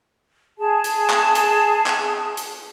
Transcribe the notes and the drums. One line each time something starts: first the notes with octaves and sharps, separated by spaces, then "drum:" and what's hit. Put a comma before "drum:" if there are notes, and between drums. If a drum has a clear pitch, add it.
G#4 A5
drum: hi-hat
drum: clap
drum: hi-hat
drum: clap
drum: hi-hat